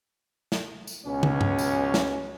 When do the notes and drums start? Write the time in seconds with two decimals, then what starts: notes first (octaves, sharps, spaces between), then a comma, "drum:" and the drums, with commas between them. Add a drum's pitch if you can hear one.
0.52 drum: snare
0.87 drum: tambourine
1.05 C#2 B2 C#4
1.23 drum: tom
1.41 drum: tom G2
1.58 drum: tambourine
1.94 drum: snare